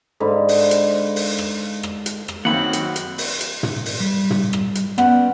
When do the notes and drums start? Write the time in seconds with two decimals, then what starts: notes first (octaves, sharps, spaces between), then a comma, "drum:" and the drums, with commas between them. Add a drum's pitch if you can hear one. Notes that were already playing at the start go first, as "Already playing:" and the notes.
0.20 G#2 D3 F5 B5
0.49 drum: open hi-hat
0.71 drum: hi-hat
1.16 drum: open hi-hat
1.38 drum: rim click
1.83 drum: rim click
2.06 drum: hi-hat
2.28 drum: rim click
2.45 F#2 D#3 A#3 C4 F#4 F#5 B5 C#7
2.73 drum: hi-hat
2.96 drum: hi-hat
3.18 drum: open hi-hat
3.41 drum: hi-hat
3.63 drum: tom
3.85 drum: open hi-hat
4.00 G3
4.30 drum: tom
4.53 drum: rim click
4.75 drum: hi-hat
4.98 B3 C#4 D5 F#5, drum: rim click